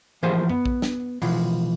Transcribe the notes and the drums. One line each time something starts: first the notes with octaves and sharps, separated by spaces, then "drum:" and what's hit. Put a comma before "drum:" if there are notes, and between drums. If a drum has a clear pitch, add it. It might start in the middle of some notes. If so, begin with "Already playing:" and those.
E3 F3 A#3 G4 G#4 C5
B3, drum: tom F#2
drum: kick A#1
drum: snare
B2 E3 F3, drum: open hi-hat